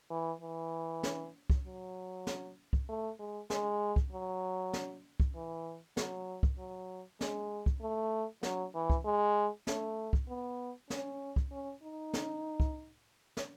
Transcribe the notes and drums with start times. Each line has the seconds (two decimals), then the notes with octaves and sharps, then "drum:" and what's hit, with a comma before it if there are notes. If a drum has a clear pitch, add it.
0.10 E3
0.42 E3
1.03 drum: snare
1.50 drum: kick
1.65 F#3
2.27 drum: snare
2.73 drum: kick
2.89 A3
3.19 G#3
3.50 G#3, drum: snare
3.96 drum: kick
4.12 F#3
4.73 drum: snare
5.20 drum: kick
5.35 E3
5.97 F#3, drum: snare
6.43 drum: kick
6.59 F#3
7.21 G#3, drum: snare
7.66 drum: kick
7.82 A3
8.43 F#3, drum: snare
8.74 E3
8.90 drum: kick
9.05 G#3
9.67 A3, drum: snare
10.13 drum: kick
10.28 B3
10.90 C#4, drum: snare
11.36 drum: kick
11.51 C#4
11.83 D#4
12.13 drum: snare
12.60 drum: kick
13.37 drum: snare